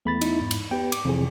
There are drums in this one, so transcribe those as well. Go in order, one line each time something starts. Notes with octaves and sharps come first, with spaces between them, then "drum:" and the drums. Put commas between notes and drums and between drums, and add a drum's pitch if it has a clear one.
E2 A3 B5 A6
D#4 E4, drum: cymbal
G#2
drum: cymbal
B3 G4 B4 G5
D6, drum: cymbal
F2 C3 E3 G#4